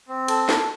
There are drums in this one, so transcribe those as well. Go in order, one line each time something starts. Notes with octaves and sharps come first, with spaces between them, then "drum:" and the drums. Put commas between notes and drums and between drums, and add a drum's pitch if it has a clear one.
C4
A4, drum: cymbal
A4, drum: snare